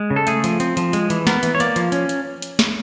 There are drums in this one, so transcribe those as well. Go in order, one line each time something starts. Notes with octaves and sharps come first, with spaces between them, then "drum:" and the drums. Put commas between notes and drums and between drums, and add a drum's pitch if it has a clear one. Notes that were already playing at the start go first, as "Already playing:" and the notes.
Already playing: G#3
C#3
A4
A3 G#4, drum: hi-hat
F3, drum: hi-hat
C4, drum: hi-hat
F3, drum: hi-hat
G#3, drum: hi-hat
E3, drum: hi-hat
B3 A#4, drum: snare
E3, drum: hi-hat
C#5
A#3 D5, drum: hi-hat
F3, drum: hi-hat
C#4, drum: hi-hat
drum: hi-hat
drum: hi-hat
drum: snare